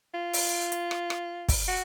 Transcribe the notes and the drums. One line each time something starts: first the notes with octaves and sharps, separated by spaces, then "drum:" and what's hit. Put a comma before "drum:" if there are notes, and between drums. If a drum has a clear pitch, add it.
F4
drum: open hi-hat
drum: hi-hat
drum: rim click
drum: rim click
drum: kick, open hi-hat
F#4